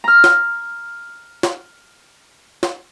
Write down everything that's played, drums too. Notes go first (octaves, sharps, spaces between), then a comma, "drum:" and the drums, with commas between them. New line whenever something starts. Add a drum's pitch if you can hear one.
A#5 F6
drum: snare
drum: snare
drum: snare